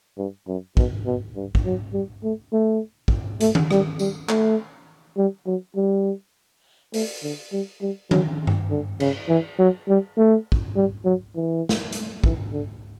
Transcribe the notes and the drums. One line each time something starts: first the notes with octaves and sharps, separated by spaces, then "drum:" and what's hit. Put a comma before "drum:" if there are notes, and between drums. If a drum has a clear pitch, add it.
G2
F#2
B2, drum: kick
B2
G2
drum: kick
F#3
G3
A3
A3
drum: kick
A3, drum: hi-hat
drum: tom D#3
G3, drum: rim click
G3, drum: tambourine
A3, drum: clap
G3
F#3
G3
A3, drum: open hi-hat
D3
G3
G3
F#3, drum: tom D#3
drum: tom G2
D3
C#3, drum: cymbal
E3
F#3
G3
A3
drum: kick
G3
F#3
E3
drum: snare
drum: hi-hat
E3, drum: kick
D3